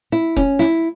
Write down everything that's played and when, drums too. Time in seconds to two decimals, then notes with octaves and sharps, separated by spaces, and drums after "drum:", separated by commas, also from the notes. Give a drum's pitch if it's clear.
0.12 E4
0.36 C#4, drum: kick F1
0.59 E4, drum: snare